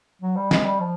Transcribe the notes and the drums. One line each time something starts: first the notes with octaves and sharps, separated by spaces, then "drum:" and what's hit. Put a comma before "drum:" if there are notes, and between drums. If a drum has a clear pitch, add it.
F#3
G3
G#3, drum: snare
G3
F3